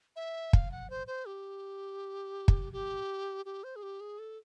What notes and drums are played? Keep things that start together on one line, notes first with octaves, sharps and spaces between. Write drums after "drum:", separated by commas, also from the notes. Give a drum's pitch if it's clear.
E5
F5, drum: kick
F#5
C5
C5
G4
drum: kick
G4
G4
C5
G#4
G4
G#4
A4